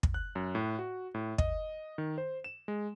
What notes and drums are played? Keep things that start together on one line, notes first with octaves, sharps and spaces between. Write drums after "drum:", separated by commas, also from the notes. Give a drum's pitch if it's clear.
drum: kick
F#6
F#2
A2
F#4
A2
D#5, drum: kick
D#3
C5
E7
G#3